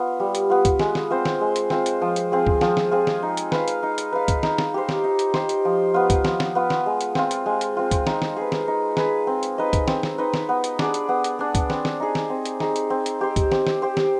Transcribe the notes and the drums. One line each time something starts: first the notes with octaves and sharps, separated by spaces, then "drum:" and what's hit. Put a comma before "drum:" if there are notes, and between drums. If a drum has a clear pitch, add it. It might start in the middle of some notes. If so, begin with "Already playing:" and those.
Already playing: B3 F4
G3
drum: hi-hat
B3 F4
drum: kick, hi-hat
G#3, drum: snare
drum: snare
C4 F4 C5
drum: snare
G#3
drum: hi-hat
C4 F4 C5, drum: snare
drum: hi-hat
F3
drum: hi-hat
C4 F4 G#4
drum: kick
F3, drum: snare
drum: snare
C4 F4 G#4
drum: snare
D#4
drum: hi-hat
B4 F5, drum: snare
drum: hi-hat
D#4
drum: hi-hat
B4 F5
drum: kick, hi-hat
D#4, drum: snare
drum: snare
G4 C5
drum: snare
D#4
drum: hi-hat
G4 C5, drum: snare
drum: hi-hat
F3
B3 F4
drum: kick, hi-hat
F3, drum: snare
drum: snare
B3 F4
drum: snare
G#3
drum: hi-hat
C4 F4, drum: snare
drum: hi-hat
G#3
drum: hi-hat
C4 F4
drum: kick, hi-hat
D#4, drum: snare
drum: snare
G#4 B4
drum: snare
D#4
G#4 B4, drum: snare
C4
drum: hi-hat
D#4 B4 D#5
drum: kick, hi-hat
C4, drum: snare
drum: snare
D#4 B4 D#5
drum: snare
B3
drum: hi-hat
D4 G#4 D5, drum: snare
drum: hi-hat
B3
drum: hi-hat
D4 G#4 D5
drum: kick, hi-hat
C4, drum: snare
drum: snare
D#4 G#4
drum: snare
C4
drum: hi-hat
D#4 G#4, drum: snare
drum: hi-hat
C4
drum: hi-hat
G4 C5
drum: kick, hi-hat
C4, drum: snare
drum: snare
G4 C5
drum: snare